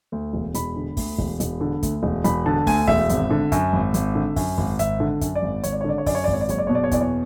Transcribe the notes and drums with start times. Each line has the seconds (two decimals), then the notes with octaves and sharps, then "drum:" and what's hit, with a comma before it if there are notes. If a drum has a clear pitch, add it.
0.12 D2
0.33 E1
0.54 E1 B5, drum: hi-hat
0.76 D3
0.97 D2, drum: kick, open hi-hat
1.18 E1, drum: kick
1.40 E1, drum: hi-hat
1.61 D3
1.83 D2, drum: kick, hi-hat
2.03 E1
2.24 E1 B5, drum: hi-hat
2.46 D3 A5
2.67 D2 G#5, drum: kick, open hi-hat
2.88 E1 E5, drum: kick
3.09 G#1, drum: hi-hat
3.30 D3
3.52 F#2, drum: kick, hi-hat
3.73 G#1
3.94 G#1, drum: hi-hat
4.15 D3
4.36 F#2, drum: kick, open hi-hat
4.58 G#1, drum: kick
4.79 G#1 E5, drum: hi-hat
5.00 D3
5.21 F#2, drum: kick, hi-hat
5.35 D5
5.42 G#1
5.63 G#1 C#5, drum: hi-hat
5.72 D5
5.81 C#5
5.84 D3 D5
5.98 C#5
6.06 F#2 D5, drum: kick, open hi-hat
6.15 C#5
6.24 D5
6.28 G#1, drum: kick
6.33 C#5
6.41 D5
6.49 F#1 C#5, drum: hi-hat
6.58 D5
6.67 B2 C#5
6.75 D5
6.84 C#5
6.91 E2 D5, drum: kick, hi-hat
7.01 C#5